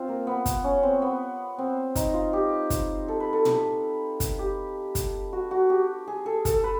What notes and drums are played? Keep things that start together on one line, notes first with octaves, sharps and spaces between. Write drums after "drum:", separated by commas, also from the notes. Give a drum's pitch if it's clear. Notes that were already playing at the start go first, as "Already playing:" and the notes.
Already playing: C4 F4
A#3
B3
drum: kick, hi-hat
C#4
C4
B3
C4
D#4, drum: kick, hi-hat
F4
G4
drum: kick, hi-hat
A4
B4
A4
drum: tom
drum: kick, hi-hat
G4
drum: kick, hi-hat
F#4
F#4
G4
G#4
A4
A4, drum: kick, hi-hat
B4